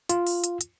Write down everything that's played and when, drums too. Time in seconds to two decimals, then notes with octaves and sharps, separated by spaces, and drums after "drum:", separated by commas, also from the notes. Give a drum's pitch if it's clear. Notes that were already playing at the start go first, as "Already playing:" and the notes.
0.09 F4, drum: hi-hat
0.27 drum: open hi-hat
0.44 drum: hi-hat
0.61 drum: hi-hat